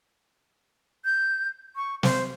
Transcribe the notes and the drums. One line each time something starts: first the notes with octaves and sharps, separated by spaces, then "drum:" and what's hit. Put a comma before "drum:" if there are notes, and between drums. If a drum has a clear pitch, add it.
G6
C#6
C5, drum: snare